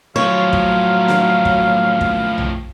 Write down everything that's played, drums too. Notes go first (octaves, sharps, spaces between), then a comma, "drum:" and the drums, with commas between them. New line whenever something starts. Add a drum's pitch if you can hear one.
A2 F3 F#3 C#5 F5
drum: kick
drum: snare
drum: kick
drum: kick
drum: tom B1